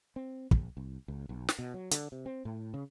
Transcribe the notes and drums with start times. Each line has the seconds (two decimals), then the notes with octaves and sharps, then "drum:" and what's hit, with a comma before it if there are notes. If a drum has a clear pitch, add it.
0.16 C4
0.51 A#1, drum: kick
0.77 C2
1.08 C#2
1.29 B1
1.49 drum: snare
1.59 B2
1.74 F#3
1.91 D3, drum: hi-hat
2.12 C3
2.26 C4
2.45 A2
2.74 C#3